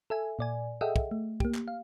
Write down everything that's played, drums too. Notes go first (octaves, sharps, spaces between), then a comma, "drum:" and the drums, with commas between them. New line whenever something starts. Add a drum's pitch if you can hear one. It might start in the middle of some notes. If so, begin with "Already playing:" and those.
A4 E5 G#5
A#2 D5 G#5
G#4 A4 D#5 E5 F#5 G5
drum: kick
A3
A#3 G4, drum: kick
drum: clap
F5